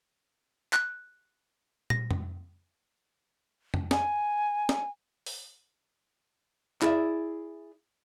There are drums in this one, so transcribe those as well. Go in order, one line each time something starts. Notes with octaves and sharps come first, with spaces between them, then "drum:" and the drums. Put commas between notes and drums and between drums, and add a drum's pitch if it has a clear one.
F#6, drum: clap
A#6, drum: tom
drum: tom F2
drum: tom F2
G#5, drum: snare
drum: snare
drum: open hi-hat
E4 G#4 D5 E5, drum: clap